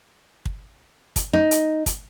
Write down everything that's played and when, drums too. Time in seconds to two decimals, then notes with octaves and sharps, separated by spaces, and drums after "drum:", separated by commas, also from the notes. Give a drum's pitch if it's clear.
0.45 drum: kick
1.16 drum: kick, hi-hat
1.33 D#4
1.51 drum: hi-hat
1.86 drum: kick, hi-hat